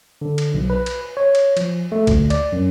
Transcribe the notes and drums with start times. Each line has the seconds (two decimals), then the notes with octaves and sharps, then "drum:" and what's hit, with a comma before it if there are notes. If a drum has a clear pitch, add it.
0.21 D3
0.38 drum: cymbal
0.54 B1
0.70 B4
0.86 drum: cymbal
1.17 C#5
1.35 drum: cymbal
1.57 F3, drum: cymbal
1.92 A3
2.07 D2, drum: kick A#1, cymbal
2.30 D5, drum: cymbal
2.52 F#2